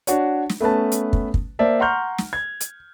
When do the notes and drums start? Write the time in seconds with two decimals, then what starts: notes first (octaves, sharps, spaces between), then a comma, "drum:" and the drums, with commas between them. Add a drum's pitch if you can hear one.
0.07 D4 F#4 C#5, drum: hi-hat
0.49 drum: snare
0.60 A3 B3 C#4 B4 A5
0.92 drum: hi-hat
1.13 drum: kick
1.34 drum: kick
1.59 A#3 C5 D5 E5 A5
1.80 F#5 A#5 C6 C#6 F6 G6
2.18 drum: snare
2.33 G#6
2.61 drum: hi-hat